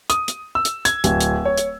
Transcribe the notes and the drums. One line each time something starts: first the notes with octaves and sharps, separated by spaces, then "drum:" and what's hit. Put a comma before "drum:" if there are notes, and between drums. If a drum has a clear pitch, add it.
D#6, drum: hi-hat
drum: hi-hat
E6
drum: hi-hat
G#6, drum: hi-hat
D1, drum: hi-hat
drum: hi-hat
C#5
drum: hi-hat